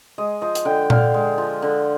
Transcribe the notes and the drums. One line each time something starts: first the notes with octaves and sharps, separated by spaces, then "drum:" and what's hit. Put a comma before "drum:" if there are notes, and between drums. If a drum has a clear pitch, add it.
G#3 D#5
F3 D#5
drum: hi-hat
D3 G5
D3 F5, drum: tom A#2
G#3
F3
D3